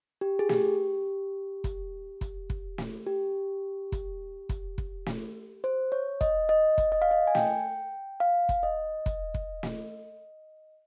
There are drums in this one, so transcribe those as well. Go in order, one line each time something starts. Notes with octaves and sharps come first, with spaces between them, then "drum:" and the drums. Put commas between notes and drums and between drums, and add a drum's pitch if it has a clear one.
G4
G#4
G4, drum: snare
drum: kick, hi-hat
drum: kick, hi-hat
drum: kick
drum: snare
G4
drum: kick, hi-hat
drum: kick, hi-hat
drum: kick
drum: snare
C5
C#5
D#5, drum: kick, hi-hat
D#5
drum: kick, hi-hat
D#5
F5
D#5
G#5
G5, drum: snare
F5
drum: kick, hi-hat
D#5
drum: kick, hi-hat
drum: kick
drum: snare